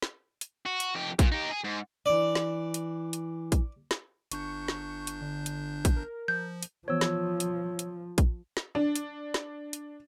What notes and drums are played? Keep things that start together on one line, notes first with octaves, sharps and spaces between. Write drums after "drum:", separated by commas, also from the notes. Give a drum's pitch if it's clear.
drum: snare
drum: hi-hat
F#4
drum: hi-hat
F2 G4
A#2, drum: kick, hi-hat
D#4 G4
G#4
G#2
E3 D4 D5
drum: snare
drum: hi-hat
drum: hi-hat
drum: kick, hi-hat
drum: snare
G1 D4 C#6 G6, drum: hi-hat
drum: snare
drum: hi-hat
D3
drum: hi-hat
drum: kick, hi-hat
A#4
F3 G6
drum: hi-hat
E3 F3 B3 C5 C#5 E6
drum: snare
drum: hi-hat
drum: hi-hat
drum: kick, hi-hat
drum: snare
D4
drum: hi-hat
drum: snare
drum: hi-hat